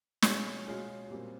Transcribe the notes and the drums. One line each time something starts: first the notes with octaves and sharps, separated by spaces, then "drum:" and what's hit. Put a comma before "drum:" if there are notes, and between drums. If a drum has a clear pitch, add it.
B2 G#3 C#4 F4 G#4, drum: snare
B2 G#3 C#4 F4 G#4
A#2 G3 C4